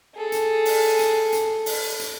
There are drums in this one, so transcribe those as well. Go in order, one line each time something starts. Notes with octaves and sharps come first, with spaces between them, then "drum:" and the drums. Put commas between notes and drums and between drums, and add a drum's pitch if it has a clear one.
G#4 A4
drum: hi-hat
drum: open hi-hat
drum: hi-hat
drum: hi-hat
drum: open hi-hat
drum: hi-hat